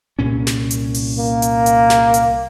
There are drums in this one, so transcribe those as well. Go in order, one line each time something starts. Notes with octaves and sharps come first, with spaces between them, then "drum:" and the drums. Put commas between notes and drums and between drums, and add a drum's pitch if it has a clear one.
C2 A#2 C#4
drum: snare
drum: hi-hat
drum: open hi-hat
A#3
drum: hi-hat
drum: hi-hat
drum: snare
drum: hi-hat